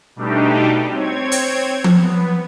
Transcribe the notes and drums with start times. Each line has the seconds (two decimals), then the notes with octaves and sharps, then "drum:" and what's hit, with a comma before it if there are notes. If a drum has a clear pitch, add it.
0.16 B2 G3 A3 D4 D#4 G4
0.91 C4 C#5 G#6
1.32 drum: hi-hat
1.84 drum: tom F3
1.94 B3